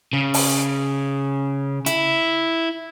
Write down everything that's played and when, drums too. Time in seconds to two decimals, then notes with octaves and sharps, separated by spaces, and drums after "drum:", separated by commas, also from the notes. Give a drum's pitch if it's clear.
0.13 C#3
0.34 drum: open hi-hat
1.86 E4, drum: hi-hat